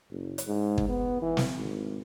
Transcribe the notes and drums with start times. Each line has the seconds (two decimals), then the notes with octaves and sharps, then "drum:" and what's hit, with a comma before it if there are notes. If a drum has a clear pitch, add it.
0.11 F#1
0.38 drum: hi-hat
0.48 G#2
0.78 drum: kick
0.89 B3
1.22 E3
1.37 drum: snare
1.57 G#1